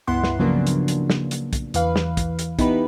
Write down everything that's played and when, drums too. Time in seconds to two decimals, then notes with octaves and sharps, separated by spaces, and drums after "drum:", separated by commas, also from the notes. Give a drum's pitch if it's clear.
0.07 C#2 G2 B3 E4 F#5 C6
0.24 drum: snare
0.39 C#3 F3 F#3 A#3 B3 D4
0.67 drum: hi-hat
0.88 drum: hi-hat
1.10 drum: snare
1.31 drum: hi-hat
1.53 drum: kick, hi-hat
1.74 E2 E3 B4 F5, drum: hi-hat
1.96 drum: snare
2.17 drum: kick, hi-hat
2.39 drum: hi-hat
2.59 B3 D#4 E4 G4 B4, drum: kick, hi-hat